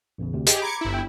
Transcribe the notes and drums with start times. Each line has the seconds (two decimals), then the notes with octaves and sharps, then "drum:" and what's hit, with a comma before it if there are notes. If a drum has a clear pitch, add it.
0.18 A1 E2 C#3
0.33 D2 C3
0.47 G4 G#4 D#5, drum: hi-hat
0.62 A#5 B5 D6 G#6 C#7
0.81 G1 E4
0.94 G5